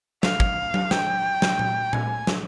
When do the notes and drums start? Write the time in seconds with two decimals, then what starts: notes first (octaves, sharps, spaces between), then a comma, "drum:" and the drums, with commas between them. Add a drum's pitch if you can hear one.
0.23 F5, drum: snare
0.40 drum: kick
0.74 drum: tom F#3
0.91 G5, drum: snare
1.42 drum: snare
1.59 drum: tom A#2
1.93 G#5, drum: tom A#2
2.27 drum: snare